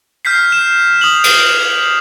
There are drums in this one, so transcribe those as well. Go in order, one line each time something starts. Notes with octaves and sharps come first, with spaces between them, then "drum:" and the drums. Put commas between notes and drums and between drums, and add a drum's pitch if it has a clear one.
F6 G6 B6 C7
E7
D#6 F7 F#7
drum: cymbal